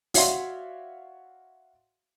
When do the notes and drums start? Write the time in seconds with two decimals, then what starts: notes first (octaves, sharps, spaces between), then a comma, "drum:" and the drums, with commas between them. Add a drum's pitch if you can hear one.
0.14 F#4 C#5 D5 E5 F5 C6, drum: open hi-hat